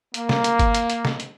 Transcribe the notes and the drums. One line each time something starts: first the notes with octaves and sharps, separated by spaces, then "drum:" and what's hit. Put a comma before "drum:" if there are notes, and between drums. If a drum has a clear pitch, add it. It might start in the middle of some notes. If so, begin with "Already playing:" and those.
A#3, drum: hi-hat
drum: snare
drum: hi-hat
drum: kick G1, hi-hat
drum: hi-hat
drum: hi-hat
drum: snare
drum: hi-hat